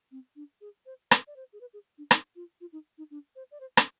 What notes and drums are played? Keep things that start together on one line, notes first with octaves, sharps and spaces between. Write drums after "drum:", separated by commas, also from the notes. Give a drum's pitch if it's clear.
C4
D4
G#4
C5
B4, drum: rim click
D5
C5
G#4
B4
G#4
D4
D#4, drum: rim click
F4
F4
D#4
D#4
D4
C5
D5
C5
D4, drum: rim click